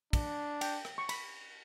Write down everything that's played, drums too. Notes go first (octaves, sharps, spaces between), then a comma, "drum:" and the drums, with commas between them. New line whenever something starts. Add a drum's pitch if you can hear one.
D4, drum: kick, cymbal
G5, drum: cymbal
drum: rim click
C#6
B5, drum: cymbal